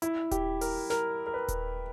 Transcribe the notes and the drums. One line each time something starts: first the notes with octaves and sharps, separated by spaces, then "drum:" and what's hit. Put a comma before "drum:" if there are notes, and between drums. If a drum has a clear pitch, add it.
E4, drum: hi-hat
G4, drum: kick D#1, hi-hat
A#4, drum: open hi-hat
A#4, drum: snare
A#4
B4
drum: kick D#1, hi-hat